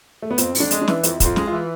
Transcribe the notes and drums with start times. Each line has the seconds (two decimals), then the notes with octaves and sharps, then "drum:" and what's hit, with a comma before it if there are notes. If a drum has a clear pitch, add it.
0.22 A3
0.31 B3
0.38 F2 C4, drum: hi-hat
0.55 F2, drum: open hi-hat
0.60 D4
0.71 G#3, drum: hi-hat
0.82 D4
0.88 E3, drum: snare
1.03 F2 E4, drum: hi-hat
1.20 F2, drum: kick, hi-hat
1.25 F4
1.36 G#3, drum: snare
1.47 E3 F4